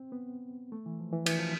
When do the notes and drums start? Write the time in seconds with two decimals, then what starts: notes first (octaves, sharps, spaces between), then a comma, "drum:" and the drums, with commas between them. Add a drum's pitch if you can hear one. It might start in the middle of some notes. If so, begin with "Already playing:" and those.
Already playing: C4
0.12 B3
0.72 A3
0.86 E3
1.00 F3
1.13 E3
1.26 E3, drum: cymbal
1.39 F3